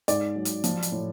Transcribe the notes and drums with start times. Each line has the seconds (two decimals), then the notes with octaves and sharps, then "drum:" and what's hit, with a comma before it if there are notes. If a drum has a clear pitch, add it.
0.08 G#2 D5, drum: hi-hat
0.36 F#3
0.45 drum: hi-hat
0.64 F3, drum: hi-hat
0.83 drum: hi-hat
0.92 A2